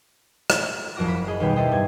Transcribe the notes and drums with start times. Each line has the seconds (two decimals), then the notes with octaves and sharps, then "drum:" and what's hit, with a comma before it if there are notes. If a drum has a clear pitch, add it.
0.50 drum: rim click
0.96 F#1 F2 F#4 F#5 D6 A#6
1.08 B5
1.27 G#4 D#5 B5
1.40 D#2 B2 G3 G5 B6
1.56 A#3 E4 A4 C5 D#5 G5
1.72 G2 G#6